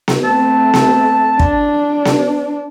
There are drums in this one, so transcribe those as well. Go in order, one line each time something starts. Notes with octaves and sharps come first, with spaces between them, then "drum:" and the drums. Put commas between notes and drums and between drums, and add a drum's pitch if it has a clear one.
drum: snare B3
A3 C4 A5
drum: snare B3
D4, drum: kick
drum: snare B3